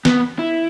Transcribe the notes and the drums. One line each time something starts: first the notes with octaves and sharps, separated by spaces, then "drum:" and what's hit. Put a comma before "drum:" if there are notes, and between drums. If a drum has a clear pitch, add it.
B3, drum: snare
E4